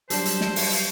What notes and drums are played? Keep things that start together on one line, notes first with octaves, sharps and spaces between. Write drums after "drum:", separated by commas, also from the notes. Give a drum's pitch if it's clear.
F#3 G3 D4 C5 A5, drum: hi-hat
drum: hi-hat
drum: snare
drum: open hi-hat
drum: hi-hat